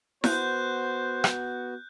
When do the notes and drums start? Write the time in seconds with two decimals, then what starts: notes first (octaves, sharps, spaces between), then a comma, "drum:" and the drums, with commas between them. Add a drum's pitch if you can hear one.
0.24 B3 F#4 C5 F#6 G6, drum: snare E4
1.24 drum: rim click